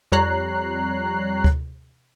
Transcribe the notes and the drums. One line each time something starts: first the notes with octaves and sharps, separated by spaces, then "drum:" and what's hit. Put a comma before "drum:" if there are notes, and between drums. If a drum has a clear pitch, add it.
F2 G3 C#5 A#5 F#6 C7
drum: kick D2